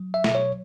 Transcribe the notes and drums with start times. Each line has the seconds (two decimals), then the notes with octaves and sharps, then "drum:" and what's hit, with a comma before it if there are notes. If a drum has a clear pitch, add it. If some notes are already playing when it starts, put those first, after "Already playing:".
Already playing: F#3
0.14 E5
0.24 B2, drum: snare
0.35 C#5